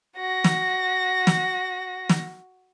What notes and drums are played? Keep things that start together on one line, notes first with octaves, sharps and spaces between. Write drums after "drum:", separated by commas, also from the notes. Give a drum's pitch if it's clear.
F#4 A#6
drum: snare
drum: snare
drum: snare